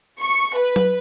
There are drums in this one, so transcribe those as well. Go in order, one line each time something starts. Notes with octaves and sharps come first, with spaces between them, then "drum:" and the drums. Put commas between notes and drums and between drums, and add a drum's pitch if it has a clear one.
C#6
B4
drum: tom F#3